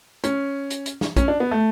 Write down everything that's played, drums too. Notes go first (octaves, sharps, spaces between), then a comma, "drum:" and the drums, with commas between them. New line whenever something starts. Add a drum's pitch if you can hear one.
C#4, drum: hi-hat
drum: hi-hat
drum: hi-hat
drum: snare
C#4, drum: kick, hi-hat
D4
B3
A3